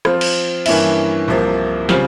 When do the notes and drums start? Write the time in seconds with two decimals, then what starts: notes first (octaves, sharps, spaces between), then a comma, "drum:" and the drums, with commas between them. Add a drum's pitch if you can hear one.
0.05 F3 C4 F4, drum: rim click
0.21 drum: cymbal
0.66 G2 E3 A#3 C#4 E4, drum: cymbal
1.28 C2 C3 F3 A#3
1.89 C#3 G3 C4 F4, drum: snare